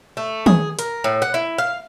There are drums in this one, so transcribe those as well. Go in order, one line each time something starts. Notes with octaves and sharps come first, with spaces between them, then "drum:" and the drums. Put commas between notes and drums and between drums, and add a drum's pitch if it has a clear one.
A3
G#4, drum: tom
A#4, drum: hi-hat
A2
F#5
E4
F5